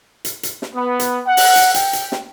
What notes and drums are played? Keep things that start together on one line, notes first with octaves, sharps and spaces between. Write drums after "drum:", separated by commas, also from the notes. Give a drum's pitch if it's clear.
drum: hi-hat
drum: hi-hat
drum: snare
B3
drum: hi-hat
F#5
drum: open hi-hat
drum: hi-hat
G5, drum: hi-hat
drum: hi-hat
drum: snare